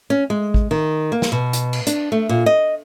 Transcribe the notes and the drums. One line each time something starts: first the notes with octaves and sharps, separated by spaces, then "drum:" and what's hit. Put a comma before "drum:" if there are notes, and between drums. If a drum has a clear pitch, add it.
C#4
G#3
drum: kick G#1
D#3
A#3
drum: snare
B2
drum: hi-hat
drum: cymbal
D4, drum: hi-hat
A3
A#2
D#5